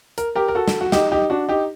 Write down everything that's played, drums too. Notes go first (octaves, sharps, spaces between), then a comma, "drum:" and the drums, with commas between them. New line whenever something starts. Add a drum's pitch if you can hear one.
A#4, drum: hi-hat
G4 A#4
A#4
F#4 A4
drum: snare
F#4
D#4 G4, drum: snare
D#4 G4
D4 F#4
D#4 G4